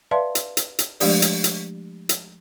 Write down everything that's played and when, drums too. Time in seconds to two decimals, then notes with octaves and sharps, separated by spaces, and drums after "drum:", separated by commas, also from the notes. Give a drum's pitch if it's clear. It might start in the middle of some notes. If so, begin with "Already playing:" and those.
0.11 B4 D5 E5 F5 A5 C6
0.35 drum: hi-hat
0.57 drum: hi-hat
0.79 drum: hi-hat
1.00 F3 G#3 A3 D4 G4 D5, drum: open hi-hat
1.22 drum: hi-hat
1.44 drum: hi-hat
2.09 drum: hi-hat